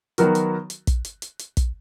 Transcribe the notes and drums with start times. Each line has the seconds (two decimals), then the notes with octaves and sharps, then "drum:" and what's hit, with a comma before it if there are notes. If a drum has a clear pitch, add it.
0.18 D#3 F#3 B3 F#4 A#4, drum: hi-hat
0.35 drum: hi-hat
0.70 drum: hi-hat
0.87 drum: kick, hi-hat
1.05 drum: hi-hat
1.22 drum: hi-hat
1.40 drum: hi-hat
1.57 drum: kick, hi-hat